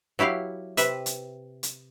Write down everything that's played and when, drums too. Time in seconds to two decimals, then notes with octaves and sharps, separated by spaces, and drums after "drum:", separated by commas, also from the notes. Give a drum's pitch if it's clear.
0.19 F#3 E4 G4 F5
0.77 C3 B4 E5, drum: hi-hat
1.06 drum: hi-hat
1.63 drum: hi-hat